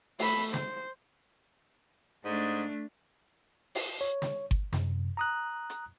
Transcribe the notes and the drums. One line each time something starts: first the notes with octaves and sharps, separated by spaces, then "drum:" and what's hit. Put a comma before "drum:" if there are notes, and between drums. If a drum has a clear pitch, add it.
A3 B5, drum: open hi-hat
C5, drum: snare
G#2 A3 D4
drum: open hi-hat
C#5
drum: snare
drum: kick G1
F#2 C3, drum: snare
A#5 D#6 F#6
drum: hi-hat